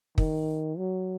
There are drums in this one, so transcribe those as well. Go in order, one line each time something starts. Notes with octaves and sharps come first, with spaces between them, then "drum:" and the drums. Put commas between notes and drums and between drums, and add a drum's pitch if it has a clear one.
D#3, drum: kick
F#3